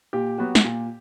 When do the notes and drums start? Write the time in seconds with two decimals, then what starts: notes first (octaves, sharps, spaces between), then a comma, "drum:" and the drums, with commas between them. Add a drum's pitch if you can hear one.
0.13 A#2 G4
0.38 F#3 B3 F#4
0.55 drum: snare
0.64 A#2